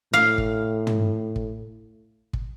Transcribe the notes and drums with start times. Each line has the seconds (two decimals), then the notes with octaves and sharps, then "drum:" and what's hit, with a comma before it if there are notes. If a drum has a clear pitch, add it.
0.13 A2 F5
0.38 drum: kick
0.87 drum: tom
1.36 drum: kick
2.33 drum: kick